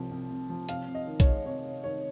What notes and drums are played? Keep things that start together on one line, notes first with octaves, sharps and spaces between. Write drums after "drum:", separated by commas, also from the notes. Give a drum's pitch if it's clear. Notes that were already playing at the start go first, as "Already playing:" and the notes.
Already playing: C2 C3 F3
C2
C3
F3
C3 F5, drum: hi-hat
C3
D#5
D#3
C#5, drum: kick B1, hi-hat
G#3
C3 C#5
C3
D#3 C#5